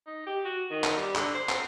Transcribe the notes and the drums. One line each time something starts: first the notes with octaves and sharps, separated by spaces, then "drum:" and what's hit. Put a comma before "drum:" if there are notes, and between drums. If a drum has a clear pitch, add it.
D#4
G4
F#4
D#3
drum: clap
G3
D3, drum: clap
C5
C4, drum: clap